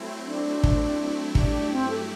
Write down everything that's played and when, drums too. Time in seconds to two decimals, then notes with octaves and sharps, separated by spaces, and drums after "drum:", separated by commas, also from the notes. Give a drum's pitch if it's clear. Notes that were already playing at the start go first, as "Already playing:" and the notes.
Already playing: F#3 A3 C4 E4
0.27 D4
0.64 drum: kick
1.35 G2 F#3 A3 D4 E4 G4, drum: kick
1.72 C4
1.90 A4